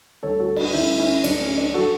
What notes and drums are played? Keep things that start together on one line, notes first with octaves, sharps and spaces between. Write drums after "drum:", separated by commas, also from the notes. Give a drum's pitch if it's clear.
D2 D3 G3 A4 C#5
F#4 A4
D4 F#4, drum: cymbal
D2 D3 G3 C#4 E4
C#4 E4
D2 D3 F#3 D4, drum: cymbal
C#4
D4
D3 F#3 F#4 A4